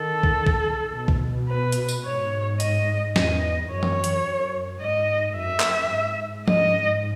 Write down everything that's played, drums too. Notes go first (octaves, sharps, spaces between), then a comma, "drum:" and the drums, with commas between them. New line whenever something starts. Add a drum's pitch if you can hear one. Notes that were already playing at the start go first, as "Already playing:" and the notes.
Already playing: D#3 A4
drum: kick C2
drum: kick C2
B2
drum: kick C2
B4
drum: hi-hat
drum: tambourine
G#2 C#5
D#5, drum: hi-hat
E2 D#5, drum: snare
F#2 C#5
drum: tom E3
drum: hi-hat
F#2
G#2 D#5
F#2 E5
drum: clap
G#2
D#5, drum: tom F3